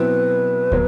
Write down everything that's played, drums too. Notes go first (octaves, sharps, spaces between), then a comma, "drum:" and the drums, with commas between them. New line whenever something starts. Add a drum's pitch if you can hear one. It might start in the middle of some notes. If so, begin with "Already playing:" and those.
Already playing: B2 F#3 C4 E4 B4
B2 F#3, drum: kick